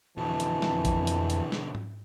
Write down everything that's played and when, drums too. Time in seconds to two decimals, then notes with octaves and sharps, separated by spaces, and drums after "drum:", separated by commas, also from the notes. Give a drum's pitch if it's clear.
0.17 F2 B2 D3 E3 A5
0.40 drum: hi-hat
0.62 drum: snare
0.85 drum: kick, hi-hat
1.07 drum: hi-hat
1.30 drum: hi-hat
1.52 drum: snare
1.75 drum: tom G#2